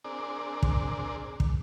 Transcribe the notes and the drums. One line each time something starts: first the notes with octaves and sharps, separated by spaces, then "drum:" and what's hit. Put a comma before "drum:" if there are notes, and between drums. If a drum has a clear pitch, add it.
C4 D4 G#4 A#4 D5
drum: kick
drum: kick